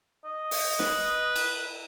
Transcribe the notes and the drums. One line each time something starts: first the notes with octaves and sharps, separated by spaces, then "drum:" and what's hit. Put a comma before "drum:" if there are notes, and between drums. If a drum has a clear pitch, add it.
D#5
drum: open hi-hat
B4, drum: snare
drum: cymbal